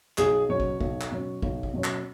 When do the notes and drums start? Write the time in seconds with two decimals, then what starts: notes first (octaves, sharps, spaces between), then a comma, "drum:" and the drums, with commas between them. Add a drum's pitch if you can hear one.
0.18 B1 G#4, drum: clap
0.49 B2 F#3 C#4 C#5
0.60 drum: kick
0.81 B1, drum: kick
1.01 drum: clap
1.11 B2 F#3 C#4
1.42 B1, drum: kick
1.63 drum: kick
1.73 B2 F#3 C#4
1.84 drum: clap